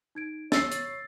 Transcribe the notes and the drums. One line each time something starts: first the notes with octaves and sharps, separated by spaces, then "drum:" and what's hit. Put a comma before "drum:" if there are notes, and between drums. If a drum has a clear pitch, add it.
D#4 G#6 D7
C#5 E6 A6 C7, drum: snare
drum: hi-hat